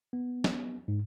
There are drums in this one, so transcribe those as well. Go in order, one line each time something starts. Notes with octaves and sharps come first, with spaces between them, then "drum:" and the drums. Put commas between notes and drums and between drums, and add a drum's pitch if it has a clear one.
B3
drum: snare
G#2